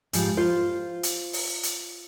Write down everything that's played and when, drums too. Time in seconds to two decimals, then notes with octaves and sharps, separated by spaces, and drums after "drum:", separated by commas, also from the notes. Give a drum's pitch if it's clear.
0.13 G#2 F3 G3, drum: hi-hat
0.37 F4 C5
1.03 drum: hi-hat
1.33 drum: open hi-hat
1.63 drum: hi-hat